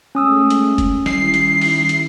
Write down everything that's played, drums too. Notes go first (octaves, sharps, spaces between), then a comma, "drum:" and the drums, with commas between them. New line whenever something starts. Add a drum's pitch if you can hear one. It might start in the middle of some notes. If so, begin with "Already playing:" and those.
G#3 A3 C#4 D#6 E6
drum: hi-hat
drum: kick, hi-hat
D#3 G3 E4 C7, drum: snare
drum: hi-hat
drum: open hi-hat
drum: hi-hat